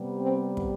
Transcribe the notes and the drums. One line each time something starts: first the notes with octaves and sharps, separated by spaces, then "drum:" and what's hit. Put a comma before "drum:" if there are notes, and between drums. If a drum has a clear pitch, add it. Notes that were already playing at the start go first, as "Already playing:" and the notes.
Already playing: C3 G3 B3
C4
drum: kick